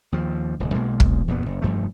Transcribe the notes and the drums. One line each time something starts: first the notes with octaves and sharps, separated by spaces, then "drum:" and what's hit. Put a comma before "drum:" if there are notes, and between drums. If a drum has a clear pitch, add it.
D#2 F3
D#1 C#2
B1 B2 G#3 A#3
drum: kick
E2 G2 A#2 B3
F#1
F1 G2 F3 A3